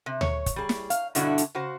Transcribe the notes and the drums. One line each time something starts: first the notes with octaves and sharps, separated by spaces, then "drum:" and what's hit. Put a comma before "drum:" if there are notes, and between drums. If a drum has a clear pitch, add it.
C3
C#5, drum: tom D2
drum: kick, hi-hat
G3 G#4
drum: snare
F5, drum: hi-hat
G2 B2 D3 D4 E4 F#4, drum: hi-hat
drum: hi-hat
C#3 F#4 C5